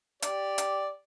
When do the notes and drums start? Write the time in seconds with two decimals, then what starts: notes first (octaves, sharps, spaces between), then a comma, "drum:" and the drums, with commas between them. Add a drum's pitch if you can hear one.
0.22 G4 D5, drum: hi-hat
0.58 drum: hi-hat